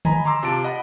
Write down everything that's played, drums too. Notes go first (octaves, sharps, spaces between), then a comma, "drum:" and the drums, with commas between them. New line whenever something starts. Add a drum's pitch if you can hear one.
D#5 G#5 A#5 B5, drum: tom D3
A#5 C6 D6 E6
C3 F4 A5 D7
D#5 F#5 B5